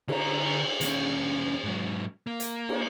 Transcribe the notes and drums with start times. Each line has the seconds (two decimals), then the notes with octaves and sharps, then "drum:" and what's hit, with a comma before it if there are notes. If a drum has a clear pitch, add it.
0.08 D3 A#5, drum: cymbal
0.81 D#2 C#4, drum: hi-hat
1.64 G#2 F#3
2.27 A#3
2.40 drum: hi-hat
2.69 drum: cymbal